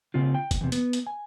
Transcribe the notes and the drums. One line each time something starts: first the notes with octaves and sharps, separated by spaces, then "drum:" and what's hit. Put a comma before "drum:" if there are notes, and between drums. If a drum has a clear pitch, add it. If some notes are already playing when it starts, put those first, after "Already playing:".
C#3 C4 F4
G5
drum: kick F1, hi-hat
E2 C3
B3, drum: hi-hat
drum: hi-hat
G#5